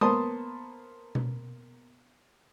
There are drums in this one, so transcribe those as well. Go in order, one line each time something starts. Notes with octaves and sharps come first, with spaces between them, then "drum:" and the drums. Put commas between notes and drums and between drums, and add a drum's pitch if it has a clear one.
A#3 B3 C5 A5 C6 D#6, drum: tom G#3
drum: tom B2